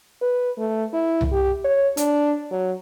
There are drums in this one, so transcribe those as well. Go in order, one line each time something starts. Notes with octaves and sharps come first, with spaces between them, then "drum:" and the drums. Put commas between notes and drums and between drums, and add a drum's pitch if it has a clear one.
B4
A3
E4
drum: tom C2
G4
C#5
D4, drum: hi-hat
F#3